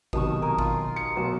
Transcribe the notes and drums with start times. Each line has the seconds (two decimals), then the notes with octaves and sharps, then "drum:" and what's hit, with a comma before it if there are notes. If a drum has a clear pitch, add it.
0.13 B1 C3 D#3 D#5 A5 C#6, drum: kick G#1
0.42 D#4 A#4 G#5
0.59 F4 C6, drum: kick G#1
0.96 C#7
1.17 B1 C5